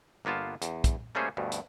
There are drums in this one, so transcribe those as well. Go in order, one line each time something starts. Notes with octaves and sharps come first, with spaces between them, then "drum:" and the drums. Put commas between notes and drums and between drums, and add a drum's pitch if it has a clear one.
G1 A#3 B3 F4 A5
E2, drum: hi-hat
drum: kick, hi-hat
G3 A3 A#3 C#4 G#4 C5
D2 G2 B2
drum: hi-hat